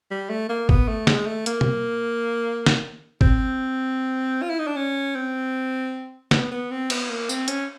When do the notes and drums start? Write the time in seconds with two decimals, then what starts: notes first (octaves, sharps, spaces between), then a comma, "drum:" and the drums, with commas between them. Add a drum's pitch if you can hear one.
0.11 G3
0.29 A3
0.49 A#3
0.69 B3, drum: kick
0.88 A3
1.07 G#3, drum: snare
1.26 A3
1.46 A#3, drum: hi-hat
1.61 drum: tom B2
2.66 drum: snare
3.21 C4, drum: kick
4.42 F4
4.50 E4
4.59 D#4
4.67 D4
4.76 C#4
5.15 C4
6.31 B3, drum: snare
6.51 B3
6.71 C4
6.90 B3, drum: cymbal
7.10 A#3
7.29 C4, drum: tambourine
7.48 C#4, drum: hi-hat